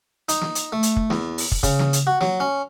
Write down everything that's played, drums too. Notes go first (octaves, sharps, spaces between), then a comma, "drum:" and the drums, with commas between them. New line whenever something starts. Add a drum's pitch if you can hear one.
D#4, drum: hi-hat
drum: snare
drum: hi-hat
A3
drum: hi-hat
drum: kick
E2, drum: snare
drum: open hi-hat
drum: kick
C#3, drum: kick, hi-hat
drum: snare
drum: hi-hat
F#4
F#3, drum: snare
C#4